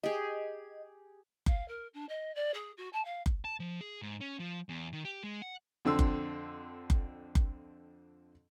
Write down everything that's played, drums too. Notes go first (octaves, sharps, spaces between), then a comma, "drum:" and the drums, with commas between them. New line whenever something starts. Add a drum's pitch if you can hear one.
G4 G#4 D#5
F5, drum: kick F#1
A#4
D4
D#5
D5
G#4
F#4
A5
F5
drum: kick F#1
A5
F3
G#4
G#2
C#4
F3
E2
D#3
G4
G#3
F#5
F2 D3 C4 E6
drum: kick F#1
drum: kick F#1
drum: kick F#1